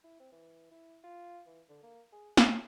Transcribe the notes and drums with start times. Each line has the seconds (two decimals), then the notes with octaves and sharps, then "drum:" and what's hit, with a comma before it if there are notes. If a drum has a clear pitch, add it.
0.04 E4
0.20 C4
0.32 E3
0.71 E4
1.04 F4
1.47 E3
1.69 D3
1.83 A#3
2.13 G#4
2.37 F#3, drum: snare